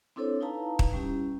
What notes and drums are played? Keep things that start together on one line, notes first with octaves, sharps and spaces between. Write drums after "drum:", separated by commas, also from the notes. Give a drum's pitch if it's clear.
C4 D4 E4 A4 C5 C#5
D#4 E4 B4 F5 A5 A#5
drum: kick
G3 C#4 E4 G4